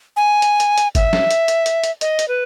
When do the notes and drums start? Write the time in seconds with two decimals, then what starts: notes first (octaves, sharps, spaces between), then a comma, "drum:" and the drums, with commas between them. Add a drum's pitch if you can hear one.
0.16 G#5
0.42 drum: hi-hat
0.60 drum: hi-hat
0.78 drum: hi-hat
0.95 E5, drum: kick G1, hi-hat
1.13 drum: snare
1.31 drum: hi-hat
1.48 drum: hi-hat
1.66 drum: hi-hat
1.84 drum: hi-hat
2.01 D#5, drum: hi-hat
2.19 drum: hi-hat
2.28 B4